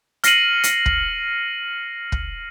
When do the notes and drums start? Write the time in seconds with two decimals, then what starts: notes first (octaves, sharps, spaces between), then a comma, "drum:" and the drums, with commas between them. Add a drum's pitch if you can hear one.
0.24 F6 A#6 C7 C#7 D#7 F#7, drum: hi-hat
0.63 drum: hi-hat
0.86 drum: kick
2.12 drum: kick